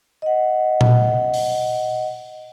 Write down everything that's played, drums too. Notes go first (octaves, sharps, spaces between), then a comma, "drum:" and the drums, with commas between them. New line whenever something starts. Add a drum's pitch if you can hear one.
D#5 F#5
drum: tom A#2
drum: open hi-hat